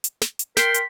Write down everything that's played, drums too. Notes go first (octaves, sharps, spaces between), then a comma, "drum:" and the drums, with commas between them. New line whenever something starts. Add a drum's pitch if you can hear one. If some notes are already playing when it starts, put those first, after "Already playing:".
drum: hi-hat
drum: snare
drum: hi-hat
A#4 G5 C6 B6, drum: snare
drum: hi-hat